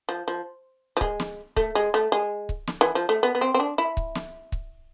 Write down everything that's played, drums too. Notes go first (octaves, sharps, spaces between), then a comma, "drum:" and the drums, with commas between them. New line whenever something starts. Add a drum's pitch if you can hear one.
F3
F3
F3
G#3, drum: kick C#1
drum: snare
A3, drum: kick C#1
G#3
A3
G#3
drum: kick C#1
drum: snare
E3
F3
A3
B3
B3
C4
C4
D4
E4
drum: kick C#1
drum: snare
drum: kick C#1